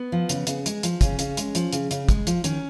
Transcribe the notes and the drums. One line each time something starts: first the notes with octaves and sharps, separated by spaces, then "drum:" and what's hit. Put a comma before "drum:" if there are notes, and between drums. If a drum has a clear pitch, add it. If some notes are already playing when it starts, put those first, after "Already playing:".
Already playing: B3
F3
C#3, drum: hi-hat
C#3, drum: hi-hat
G#3, drum: hi-hat
F3, drum: hi-hat
C#3 C#4, drum: kick, hi-hat
C#3, drum: hi-hat
G#3, drum: hi-hat
F3, drum: hi-hat
C#3, drum: hi-hat
C#3, drum: hi-hat
G#3, drum: kick, hi-hat
F3, drum: hi-hat
D#3 C#4, drum: hi-hat